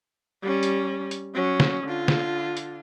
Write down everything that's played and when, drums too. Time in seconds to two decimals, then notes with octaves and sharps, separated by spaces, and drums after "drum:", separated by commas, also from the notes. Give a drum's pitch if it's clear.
0.43 G3 C#4
0.63 drum: hi-hat
1.11 drum: hi-hat
1.34 F#3 C#4
1.60 drum: snare
1.84 D3 F4
2.08 drum: snare
2.57 drum: hi-hat